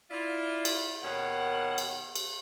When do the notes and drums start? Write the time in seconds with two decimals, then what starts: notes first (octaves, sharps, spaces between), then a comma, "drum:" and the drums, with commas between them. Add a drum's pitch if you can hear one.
0.10 E4 F4 D5
0.65 drum: cymbal
1.03 D#2 B2 D#3 A#3 C#5 F#5
1.78 drum: cymbal
2.16 drum: cymbal